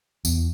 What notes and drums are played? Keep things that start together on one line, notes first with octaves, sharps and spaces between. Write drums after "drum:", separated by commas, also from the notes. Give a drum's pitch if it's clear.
E2, drum: tambourine